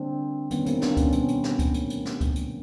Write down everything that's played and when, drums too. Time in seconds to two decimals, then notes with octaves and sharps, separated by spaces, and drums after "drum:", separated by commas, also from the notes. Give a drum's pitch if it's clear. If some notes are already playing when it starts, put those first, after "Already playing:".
Already playing: D3 G3 A#3 C4 D4
0.51 D#3 G3 A#3 B3 C#4, drum: hi-hat
0.66 A#3 C4, drum: hi-hat
0.81 C4 D4, drum: snare
0.97 B3 C#4, drum: kick C#2, hi-hat
1.08 C4
1.12 B2 G3 A#3 B3 C#4, drum: hi-hat
1.28 drum: hi-hat
1.44 drum: snare
1.59 drum: kick C#2, hi-hat
1.74 B2 F#3 A3 A#3 C4, drum: hi-hat
1.90 drum: hi-hat
2.05 drum: snare
2.21 drum: kick C#2, hi-hat
2.36 C3 F3 A#3, drum: hi-hat